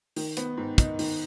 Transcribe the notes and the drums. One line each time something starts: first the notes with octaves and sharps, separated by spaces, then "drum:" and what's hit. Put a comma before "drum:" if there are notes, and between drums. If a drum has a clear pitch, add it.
D#3, drum: open hi-hat
B3, drum: hi-hat
G#2
D#4, drum: kick, hi-hat
D#3, drum: open hi-hat